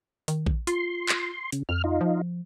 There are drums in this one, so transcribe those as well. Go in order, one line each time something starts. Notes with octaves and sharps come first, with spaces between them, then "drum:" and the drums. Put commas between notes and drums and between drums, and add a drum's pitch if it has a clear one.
D#3, drum: hi-hat
drum: kick A#1
F4 C6, drum: hi-hat
drum: clap
C#3, drum: hi-hat
F2 F6
D#4 F4
F3